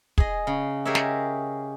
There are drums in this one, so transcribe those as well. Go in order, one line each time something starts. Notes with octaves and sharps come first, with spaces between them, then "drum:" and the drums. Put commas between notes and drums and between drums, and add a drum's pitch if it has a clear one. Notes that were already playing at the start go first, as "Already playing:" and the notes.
G#4 D#5, drum: kick
C#3
G4 G#4 A#4 C#5 D#5 E5
drum: snare